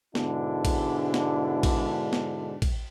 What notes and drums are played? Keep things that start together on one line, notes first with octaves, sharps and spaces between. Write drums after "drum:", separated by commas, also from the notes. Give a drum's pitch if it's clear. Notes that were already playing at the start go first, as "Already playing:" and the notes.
G#2 B2 D3 G#3 D4 E4, drum: snare
drum: kick, cymbal
drum: snare
drum: kick, cymbal
drum: snare
drum: kick, cymbal